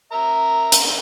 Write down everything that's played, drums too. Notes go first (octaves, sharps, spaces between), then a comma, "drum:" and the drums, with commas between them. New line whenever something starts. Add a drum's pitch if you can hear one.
A#4 E5 A#5
drum: hi-hat